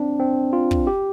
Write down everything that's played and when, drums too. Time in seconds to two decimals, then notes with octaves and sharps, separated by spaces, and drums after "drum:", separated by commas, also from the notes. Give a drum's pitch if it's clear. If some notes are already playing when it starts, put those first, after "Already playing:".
Already playing: C4 D4
0.20 C4
0.53 F4
0.71 drum: kick
0.87 G4